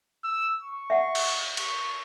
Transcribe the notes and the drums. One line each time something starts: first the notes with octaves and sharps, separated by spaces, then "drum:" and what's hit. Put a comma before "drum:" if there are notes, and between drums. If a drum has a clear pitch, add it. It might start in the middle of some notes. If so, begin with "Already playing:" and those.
E6
C#6
E5 F#5
drum: cymbal
C#6, drum: cymbal